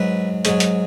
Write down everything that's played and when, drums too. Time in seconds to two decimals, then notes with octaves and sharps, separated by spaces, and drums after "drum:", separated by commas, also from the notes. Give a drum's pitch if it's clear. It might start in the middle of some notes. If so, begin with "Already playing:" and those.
Already playing: G#2 F#3 B4 E5
0.45 G#2 F#3 G#4 C#5, drum: hi-hat
0.60 drum: hi-hat